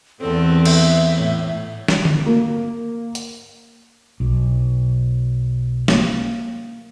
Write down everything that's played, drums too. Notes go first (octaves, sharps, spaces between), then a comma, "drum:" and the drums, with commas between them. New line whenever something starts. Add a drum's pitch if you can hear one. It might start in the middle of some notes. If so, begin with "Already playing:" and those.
E2 B3 C4 A4
E5, drum: cymbal
A2
drum: snare
drum: tom D3
A#3
drum: hi-hat
B1
A#3, drum: snare